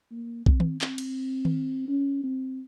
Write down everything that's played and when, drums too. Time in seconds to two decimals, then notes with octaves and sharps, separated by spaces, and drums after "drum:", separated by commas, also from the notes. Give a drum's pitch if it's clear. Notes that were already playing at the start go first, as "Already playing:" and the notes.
0.11 A#3
0.46 C4, drum: kick A#1
0.60 drum: tom D#3
0.81 C4, drum: clap
0.98 drum: cymbal
1.45 drum: tom D#3
1.88 C#4
2.24 C4